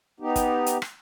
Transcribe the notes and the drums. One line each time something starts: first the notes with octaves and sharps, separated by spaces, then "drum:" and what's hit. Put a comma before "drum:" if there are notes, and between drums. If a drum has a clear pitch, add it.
B3 D#4 G4
drum: kick, hi-hat
drum: hi-hat
drum: rim click